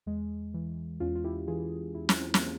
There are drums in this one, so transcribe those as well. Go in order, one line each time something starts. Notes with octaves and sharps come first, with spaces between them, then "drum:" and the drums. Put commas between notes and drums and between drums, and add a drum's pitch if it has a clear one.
E2 G#3
E3
E2 C#4 F4
F4
E4 G4
E3 F4 G#4
E2 E4
C#4, drum: snare
C4
A#3 C#4, drum: snare
E3